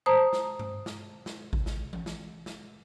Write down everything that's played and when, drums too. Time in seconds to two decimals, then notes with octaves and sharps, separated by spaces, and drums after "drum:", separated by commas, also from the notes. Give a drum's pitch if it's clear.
0.06 C5 A5 A#5 D#6
0.33 drum: snare
0.59 drum: tom G2
0.86 drum: snare
1.26 drum: snare
1.53 drum: kick G#1
1.66 drum: snare
1.93 drum: tom E3
2.06 drum: snare
2.46 drum: snare